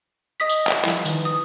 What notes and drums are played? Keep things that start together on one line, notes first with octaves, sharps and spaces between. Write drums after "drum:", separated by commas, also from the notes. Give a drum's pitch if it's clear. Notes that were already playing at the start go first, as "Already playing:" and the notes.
D#5 D#6 B6
drum: tambourine
drum: clap
F3 G3 E4, drum: clap
D#3 B4, drum: tambourine
D#6